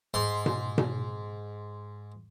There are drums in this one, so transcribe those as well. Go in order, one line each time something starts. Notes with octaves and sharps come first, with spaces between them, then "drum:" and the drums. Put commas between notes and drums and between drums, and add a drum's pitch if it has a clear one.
G#2 C6
drum: tom B2
drum: tom B2